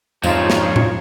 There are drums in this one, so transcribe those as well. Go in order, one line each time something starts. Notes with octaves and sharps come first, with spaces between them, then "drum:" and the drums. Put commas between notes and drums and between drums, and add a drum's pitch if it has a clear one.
F2 G#2 F3 D4 D#4 F4 G4 C#5, drum: tambourine
drum: snare
drum: tom A2